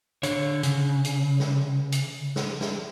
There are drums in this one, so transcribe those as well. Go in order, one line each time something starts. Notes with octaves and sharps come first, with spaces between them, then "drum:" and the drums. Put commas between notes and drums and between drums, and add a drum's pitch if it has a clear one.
D3 C#5, drum: hi-hat
C#3, drum: hi-hat
drum: hi-hat
drum: snare
drum: hi-hat
drum: snare
drum: snare